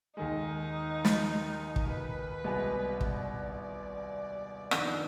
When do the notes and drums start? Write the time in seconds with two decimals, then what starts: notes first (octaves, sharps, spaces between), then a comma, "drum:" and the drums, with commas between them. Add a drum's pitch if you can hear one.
0.17 D#2 D#3 G#3 D#4
1.05 drum: snare
1.76 drum: kick
1.88 B4
2.44 C2 B2 G#3 B3
3.01 D5, drum: kick
4.71 F2 D#3 B3 D4, drum: rim click